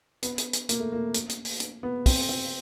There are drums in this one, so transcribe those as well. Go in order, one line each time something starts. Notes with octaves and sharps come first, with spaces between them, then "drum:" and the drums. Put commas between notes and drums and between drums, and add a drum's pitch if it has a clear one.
B3, drum: hi-hat
drum: hi-hat
drum: hi-hat
A#3, drum: hi-hat
A3
A#3
drum: hi-hat
drum: hi-hat
drum: open hi-hat
drum: hi-hat
B3
C4, drum: kick, open hi-hat
C4